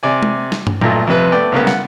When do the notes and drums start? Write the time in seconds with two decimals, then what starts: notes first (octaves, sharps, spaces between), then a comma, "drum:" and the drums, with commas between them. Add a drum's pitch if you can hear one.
0.03 C3 D5 G#5
0.23 drum: tom
0.52 drum: snare
0.67 drum: tom
0.81 B1 A#2 A3 F4, drum: tom A#2
1.07 F2 C3 B4
1.32 A3 B3 D5 G5
1.52 C2 C#3 A#3 B3
1.67 F#5, drum: snare